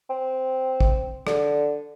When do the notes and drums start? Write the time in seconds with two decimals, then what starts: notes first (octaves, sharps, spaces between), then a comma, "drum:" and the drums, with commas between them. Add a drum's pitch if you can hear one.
0.10 C4
0.81 drum: kick A1
1.27 D3, drum: rim click